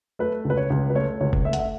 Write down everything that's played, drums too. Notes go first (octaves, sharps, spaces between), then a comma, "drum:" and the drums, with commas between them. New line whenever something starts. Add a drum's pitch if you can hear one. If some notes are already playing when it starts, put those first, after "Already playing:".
A3 B4
C#2
B4
C#5
C#2
B4
A3 C#5
C#2 C#5
drum: kick F1
A3 E5
F#5, drum: hi-hat
E5